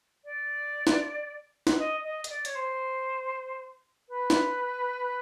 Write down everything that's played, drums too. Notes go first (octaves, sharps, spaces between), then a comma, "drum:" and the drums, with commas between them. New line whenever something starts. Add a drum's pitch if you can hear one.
D5
drum: snare
drum: snare
D#5
D#5
D#5, drum: hi-hat
D5
C#5, drum: hi-hat
C5
B4
drum: snare